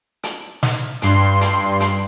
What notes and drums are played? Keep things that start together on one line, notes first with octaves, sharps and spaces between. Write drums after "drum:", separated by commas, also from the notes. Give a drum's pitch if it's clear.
drum: hi-hat
drum: snare
G2 C6, drum: hi-hat
drum: hi-hat
drum: hi-hat